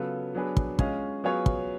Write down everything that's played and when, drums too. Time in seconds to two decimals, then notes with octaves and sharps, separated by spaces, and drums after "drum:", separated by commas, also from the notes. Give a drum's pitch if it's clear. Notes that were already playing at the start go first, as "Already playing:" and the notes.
Already playing: C#3 F#3 B3 F4 A4
0.35 F#3 B3 D4 G#4 B4
0.57 drum: kick
0.79 G#3 C#4 F4 G#4, drum: kick
1.24 F#3 B3 F4 G#4 C#5
1.46 drum: kick